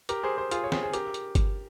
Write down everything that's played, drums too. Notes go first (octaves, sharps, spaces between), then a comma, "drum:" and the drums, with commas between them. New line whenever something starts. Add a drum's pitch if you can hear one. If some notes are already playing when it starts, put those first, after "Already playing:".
G4 A#4, drum: hi-hat
G#4 C5
G#4 C5
F4 G#4, drum: hi-hat
C#5
G#4 C5, drum: snare
G#4
G4 A#4, drum: hi-hat
drum: hi-hat
drum: kick G1, hi-hat